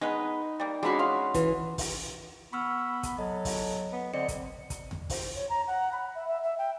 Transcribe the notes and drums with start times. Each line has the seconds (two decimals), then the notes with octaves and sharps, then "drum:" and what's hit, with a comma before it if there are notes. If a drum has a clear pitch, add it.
0.01 G#3 B3 D#4 B4
0.60 G3 A#3
0.83 D3 G#3 C#4 F#4 B5
0.99 F5 C6
1.34 E3, drum: kick, hi-hat
1.78 drum: kick, open hi-hat
2.53 B3 B5 C#6 E6 F6
3.03 drum: kick, hi-hat
3.19 F#3 A4 D#5
3.45 drum: kick, open hi-hat
3.93 B3
4.14 D3 C4 D5 D#5 C#7
4.28 drum: kick, hi-hat
4.70 drum: kick, hi-hat
4.91 drum: tom E2
5.10 C5, drum: kick, open hi-hat
5.34 C#5
5.49 A#5
5.67 F#5
5.92 B5
6.14 E5
6.28 E5
6.43 E5
6.58 G5